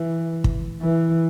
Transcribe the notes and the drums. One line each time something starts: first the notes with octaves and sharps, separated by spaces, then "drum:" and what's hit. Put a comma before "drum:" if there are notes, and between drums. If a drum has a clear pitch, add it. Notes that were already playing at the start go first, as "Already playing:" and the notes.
Already playing: E3
drum: kick
E3